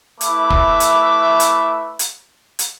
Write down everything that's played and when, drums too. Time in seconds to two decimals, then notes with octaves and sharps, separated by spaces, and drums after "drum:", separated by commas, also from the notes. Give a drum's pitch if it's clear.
0.21 A3 E4 B4 E5 D6, drum: hi-hat
0.50 drum: kick
0.80 drum: hi-hat
1.40 drum: hi-hat
1.99 drum: hi-hat
2.59 drum: hi-hat